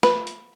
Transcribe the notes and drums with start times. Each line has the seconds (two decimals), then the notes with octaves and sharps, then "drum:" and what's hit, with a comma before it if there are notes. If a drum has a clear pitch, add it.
0.03 B4, drum: snare
0.27 drum: hi-hat